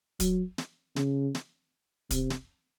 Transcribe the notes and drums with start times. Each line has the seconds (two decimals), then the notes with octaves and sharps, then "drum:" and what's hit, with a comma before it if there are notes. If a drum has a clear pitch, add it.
0.20 F#3, drum: kick, hi-hat
0.58 drum: snare
0.96 C#3, drum: snare
1.35 drum: snare
2.11 C3, drum: kick, hi-hat
2.30 drum: snare